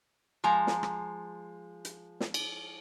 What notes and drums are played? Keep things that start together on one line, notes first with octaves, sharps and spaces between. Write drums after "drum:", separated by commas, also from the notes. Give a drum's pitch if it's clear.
F3 G#3 A#5
drum: snare
drum: rim click
drum: hi-hat
drum: snare
drum: cymbal